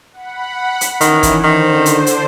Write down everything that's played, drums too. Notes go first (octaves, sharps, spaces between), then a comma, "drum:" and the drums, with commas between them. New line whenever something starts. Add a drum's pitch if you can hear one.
F#5 B5
drum: hi-hat
D#3 E3 C#4 E4, drum: hi-hat
drum: kick, hi-hat
D3 D#3 C5
drum: hi-hat
drum: hi-hat